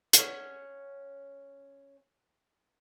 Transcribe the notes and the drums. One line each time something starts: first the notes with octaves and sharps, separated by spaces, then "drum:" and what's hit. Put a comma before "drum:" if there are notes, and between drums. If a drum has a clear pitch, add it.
C#4 F#5, drum: hi-hat